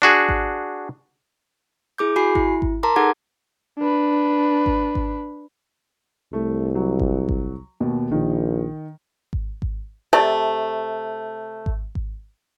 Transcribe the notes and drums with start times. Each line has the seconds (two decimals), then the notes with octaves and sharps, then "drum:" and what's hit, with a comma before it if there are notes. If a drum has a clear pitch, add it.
0.02 D4 F#4 G#4
0.29 drum: kick G#1
1.98 E4 G#4 D6 G6
2.16 F#4 G#5 B5 C7
2.35 E4, drum: kick G#1
2.62 drum: kick G#1
2.83 A#4 A5 A#5 C6 D6
2.96 D#4 G#4 A4 F#5 D6 G#6
3.79 D4 B4
4.66 drum: kick G#1
4.95 drum: kick G#1
6.33 C2 A3
6.75 F#3
6.99 drum: kick G#1
7.29 drum: kick G#1
7.80 D#2 B2
8.12 A#1 D#3
9.33 drum: kick G#1
9.62 drum: kick G#1
10.13 C3 A3 D5 A5
11.66 drum: kick G#1
11.95 drum: kick G#1